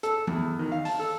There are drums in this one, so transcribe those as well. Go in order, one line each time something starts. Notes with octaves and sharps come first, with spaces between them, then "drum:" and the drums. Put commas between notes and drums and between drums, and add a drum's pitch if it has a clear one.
A4, drum: hi-hat
E2, drum: tom E3
D#3
F5
A5, drum: open hi-hat
A4